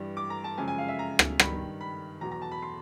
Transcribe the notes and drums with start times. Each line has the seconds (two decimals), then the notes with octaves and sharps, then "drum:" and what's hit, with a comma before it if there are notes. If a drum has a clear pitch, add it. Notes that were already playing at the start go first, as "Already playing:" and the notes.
Already playing: G2 E3 G3
0.17 D6
0.30 A#5
0.44 A5
0.58 F#2 C#3 F3 G#3 G#5
0.68 G#5
0.78 F5
0.88 E5
0.99 A#5
1.19 drum: rim click
1.39 G2 D#3 G3 B5, drum: rim click
1.81 B5
2.21 E2 B2 F#3 A#5
2.32 A#5
2.42 A5
2.52 B5
2.62 C6